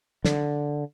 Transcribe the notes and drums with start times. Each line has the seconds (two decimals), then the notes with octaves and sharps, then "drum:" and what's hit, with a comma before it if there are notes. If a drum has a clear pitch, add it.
0.25 D3, drum: snare